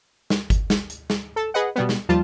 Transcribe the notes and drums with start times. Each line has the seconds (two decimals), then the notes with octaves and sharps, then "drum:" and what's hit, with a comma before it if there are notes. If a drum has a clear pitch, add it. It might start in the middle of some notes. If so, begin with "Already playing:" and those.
0.30 drum: snare
0.50 drum: kick G1, hi-hat
0.70 drum: snare
0.90 drum: hi-hat
1.10 drum: snare
1.36 A4 A5
1.54 G#4 B4 D#5 F#5
1.76 B2 G3 B3
1.89 drum: snare
2.09 D#2 F3 G3 F4 A5